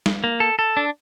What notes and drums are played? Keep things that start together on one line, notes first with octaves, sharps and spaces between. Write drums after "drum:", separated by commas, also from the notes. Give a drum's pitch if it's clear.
drum: snare
A#3
A4
A4
D4